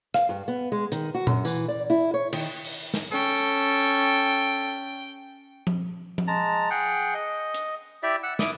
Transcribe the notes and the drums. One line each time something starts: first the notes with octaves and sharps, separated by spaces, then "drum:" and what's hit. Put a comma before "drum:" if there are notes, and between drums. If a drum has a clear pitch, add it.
F5, drum: rim click
G2
B3
G#3
D#3, drum: hi-hat
F#4
F#2, drum: tom A#2
E3, drum: tambourine
D5
E4
C#5
D#3, drum: cymbal
drum: open hi-hat
drum: snare
C#4 A4 G5
drum: tom F3
drum: tom F3
G#3 A5 A#5
G#4 F#5 G5
D#5
drum: hi-hat
E4 G4 D5 E5
F#5 E6
E4 D6 D#6, drum: snare